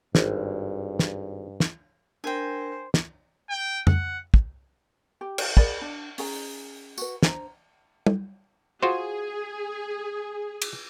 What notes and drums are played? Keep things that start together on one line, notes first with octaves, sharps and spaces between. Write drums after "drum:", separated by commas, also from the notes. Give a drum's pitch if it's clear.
G#1 G2, drum: snare
drum: snare
drum: snare
D4 A#4 C5 G5 G#5 A#6
drum: snare
G5
F#5, drum: tom F2
drum: kick
G4
drum: cymbal
G#4 A#4 D5 B5, drum: kick
D4
C#4 G#4 A#5, drum: open hi-hat
F#4 B4, drum: tambourine
D4 C5 A#5, drum: snare
drum: tom
F4 F#4 G#4 C5
drum: cymbal